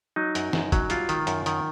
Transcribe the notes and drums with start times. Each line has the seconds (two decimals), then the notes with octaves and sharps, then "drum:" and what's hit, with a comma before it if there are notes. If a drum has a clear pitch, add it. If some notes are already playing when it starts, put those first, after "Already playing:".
0.16 F#3 D#4
0.35 F#2, drum: hi-hat
0.53 F#2, drum: snare
0.72 F#3, drum: kick, hi-hat
0.90 G3 F4, drum: hi-hat
1.09 D#3, drum: hi-hat
1.27 F#2, drum: hi-hat
1.46 D#3, drum: hi-hat